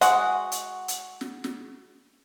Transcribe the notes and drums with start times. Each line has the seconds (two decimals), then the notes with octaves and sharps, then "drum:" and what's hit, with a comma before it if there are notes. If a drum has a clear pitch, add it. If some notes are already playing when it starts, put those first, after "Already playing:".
0.01 G#3 F#4 F#5, drum: hi-hat
0.52 drum: hi-hat
0.88 drum: hi-hat
1.21 drum: snare
1.44 drum: snare